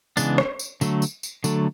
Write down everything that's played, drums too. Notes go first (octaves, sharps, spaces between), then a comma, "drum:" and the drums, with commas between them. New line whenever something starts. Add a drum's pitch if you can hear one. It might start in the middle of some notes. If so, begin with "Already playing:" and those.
C#3 E3 G#3 B3 D4, drum: tambourine
drum: rim click
drum: tambourine
D3 F#3 A3, drum: tambourine
drum: tambourine
drum: tambourine
D3 F#3 A3, drum: tambourine